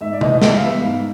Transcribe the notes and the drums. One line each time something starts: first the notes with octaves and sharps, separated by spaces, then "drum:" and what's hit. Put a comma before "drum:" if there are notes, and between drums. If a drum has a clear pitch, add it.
G#2 E5
D5
E3 D#5, drum: tom C3
D#5
G3 E5, drum: snare
F5
B3 E5
G#2 F5